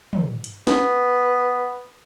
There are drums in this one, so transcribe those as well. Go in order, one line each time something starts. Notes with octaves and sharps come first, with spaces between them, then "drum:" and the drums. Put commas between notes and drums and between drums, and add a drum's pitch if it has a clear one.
drum: tom
drum: hi-hat
B3, drum: snare